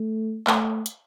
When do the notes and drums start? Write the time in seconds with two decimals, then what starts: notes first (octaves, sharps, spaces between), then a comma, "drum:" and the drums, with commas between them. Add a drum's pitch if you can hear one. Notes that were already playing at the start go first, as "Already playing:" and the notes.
Already playing: A3
0.47 A3, drum: clap
0.86 drum: hi-hat